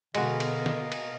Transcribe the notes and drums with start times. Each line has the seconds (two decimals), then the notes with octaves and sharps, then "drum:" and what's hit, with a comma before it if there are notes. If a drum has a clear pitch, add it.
0.15 B2 D3 G#3 F#4 A#4 D#5 F5, drum: cymbal
0.40 drum: cymbal
0.66 drum: snare
0.92 drum: cymbal